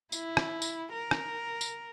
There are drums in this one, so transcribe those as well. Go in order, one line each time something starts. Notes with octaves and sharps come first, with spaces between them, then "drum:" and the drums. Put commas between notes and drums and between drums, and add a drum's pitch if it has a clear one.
E4, drum: tambourine
drum: rim click
drum: tambourine
A#4
drum: rim click
drum: tambourine